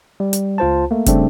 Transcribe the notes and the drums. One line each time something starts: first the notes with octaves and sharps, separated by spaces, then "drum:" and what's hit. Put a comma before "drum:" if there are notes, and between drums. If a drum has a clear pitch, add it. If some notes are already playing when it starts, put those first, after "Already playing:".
G3
drum: hi-hat
C#2 F4 C5 A5
A3 A#3
C#3 G3 A3 C4 D4, drum: kick F1, hi-hat